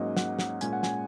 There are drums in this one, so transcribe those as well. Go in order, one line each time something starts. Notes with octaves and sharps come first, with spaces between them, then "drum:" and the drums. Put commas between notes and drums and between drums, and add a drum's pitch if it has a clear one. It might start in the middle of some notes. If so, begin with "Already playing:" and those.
Already playing: G#2 F#3 A#3 C#4 D#5 F#5
F#5, drum: snare
F#5, drum: snare
A#2 G#3 C#4 G#5, drum: hi-hat
F#5
G#5, drum: snare